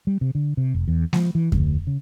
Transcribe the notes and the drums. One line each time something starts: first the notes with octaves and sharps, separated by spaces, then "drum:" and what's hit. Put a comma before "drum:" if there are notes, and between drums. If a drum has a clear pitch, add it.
G3
C3
D3
C3
F1
E2
F3, drum: snare G#3
E3
D2, drum: kick F2
C#3